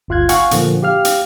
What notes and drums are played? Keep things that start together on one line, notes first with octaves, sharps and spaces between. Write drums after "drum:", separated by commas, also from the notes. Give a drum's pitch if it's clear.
G1 D2 F4 F5 F#6 G#6
F5 F#5 G#5 C#6 F#6, drum: hi-hat
A#2 D3 F3 A#3, drum: hi-hat
G4 F5 F6
drum: hi-hat